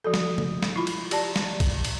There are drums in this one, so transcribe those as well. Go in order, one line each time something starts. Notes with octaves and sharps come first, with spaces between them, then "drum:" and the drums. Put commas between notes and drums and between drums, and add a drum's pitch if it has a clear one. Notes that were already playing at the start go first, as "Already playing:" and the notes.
F3 F#4 A4
drum: snare
drum: tom
drum: snare
E4 F4 B5
drum: cymbal
G4 D5 A5, drum: cymbal
drum: snare
drum: kick A#1, cymbal
drum: cymbal